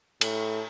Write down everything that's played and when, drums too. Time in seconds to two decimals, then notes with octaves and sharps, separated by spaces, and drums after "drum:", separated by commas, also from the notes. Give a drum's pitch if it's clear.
0.21 A2, drum: cymbal